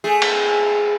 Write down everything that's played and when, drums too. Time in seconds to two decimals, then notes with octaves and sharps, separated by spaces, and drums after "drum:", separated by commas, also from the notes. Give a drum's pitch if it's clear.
0.04 A3 G#4
0.22 drum: cymbal